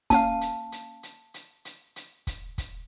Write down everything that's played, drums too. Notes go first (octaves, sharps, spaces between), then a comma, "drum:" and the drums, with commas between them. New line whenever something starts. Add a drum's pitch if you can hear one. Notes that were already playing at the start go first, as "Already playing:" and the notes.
A#3 C#4 F5 A5, drum: kick, hi-hat
drum: hi-hat
drum: hi-hat
drum: hi-hat
drum: hi-hat
drum: hi-hat
drum: hi-hat
drum: kick, hi-hat
drum: kick, hi-hat